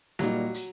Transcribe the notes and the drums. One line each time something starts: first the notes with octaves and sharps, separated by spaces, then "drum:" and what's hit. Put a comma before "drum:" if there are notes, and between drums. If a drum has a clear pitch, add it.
A#2 F#3 G3 A#3 D#4, drum: snare
drum: hi-hat